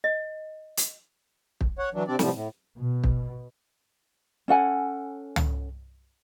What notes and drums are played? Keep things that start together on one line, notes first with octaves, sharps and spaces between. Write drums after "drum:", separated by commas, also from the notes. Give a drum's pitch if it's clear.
D#5
drum: hi-hat
drum: kick
C#5 F#5
E3 F#3 D4
C3 C4 D4 D5
A2 C3 F3 G3, drum: snare
A2
B2
drum: kick
C#4 A4 F#5 G#5
drum: tom